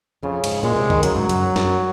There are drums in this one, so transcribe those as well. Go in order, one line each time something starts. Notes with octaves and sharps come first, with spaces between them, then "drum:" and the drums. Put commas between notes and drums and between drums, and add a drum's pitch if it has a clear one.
F2 C#3
G#2, drum: cymbal
A#2 G#3
C3
D#3, drum: kick
C#3 F#3, drum: hi-hat
G#2
F#2, drum: hi-hat
F#2, drum: snare